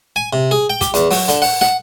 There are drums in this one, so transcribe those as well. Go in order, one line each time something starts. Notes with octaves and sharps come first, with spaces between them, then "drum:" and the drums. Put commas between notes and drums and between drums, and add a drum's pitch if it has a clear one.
G#5
C3
G#4
G5
G4, drum: kick, hi-hat
E2, drum: hi-hat
F#3, drum: open hi-hat
D3, drum: hi-hat
F#5, drum: open hi-hat
F#5, drum: snare